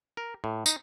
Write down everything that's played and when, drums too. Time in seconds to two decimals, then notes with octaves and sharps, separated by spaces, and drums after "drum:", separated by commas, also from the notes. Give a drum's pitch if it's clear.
0.17 A#4
0.44 A2
0.66 D#4, drum: tambourine